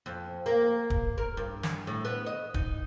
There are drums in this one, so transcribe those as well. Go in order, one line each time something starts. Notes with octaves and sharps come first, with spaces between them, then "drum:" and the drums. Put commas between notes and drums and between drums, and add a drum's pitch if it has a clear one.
F2
A#3
drum: kick
A#4
G2
drum: snare
A2
B3
D#5
D#4, drum: kick